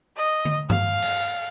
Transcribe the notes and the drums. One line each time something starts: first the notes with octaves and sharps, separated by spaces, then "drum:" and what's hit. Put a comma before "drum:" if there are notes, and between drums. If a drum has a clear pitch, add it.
D#5
drum: tom D3
F5, drum: tom G2
drum: cymbal